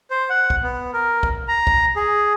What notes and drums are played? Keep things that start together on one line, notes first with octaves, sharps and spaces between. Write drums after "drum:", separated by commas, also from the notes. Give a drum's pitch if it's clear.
C5
F#5
drum: kick
B3
A#4
drum: kick
A#5
drum: kick
G#4